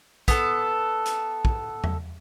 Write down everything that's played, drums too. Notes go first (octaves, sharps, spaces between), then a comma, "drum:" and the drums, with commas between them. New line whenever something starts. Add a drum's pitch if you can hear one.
B3 A4, drum: kick, hi-hat
drum: hi-hat
drum: kick
drum: tom E2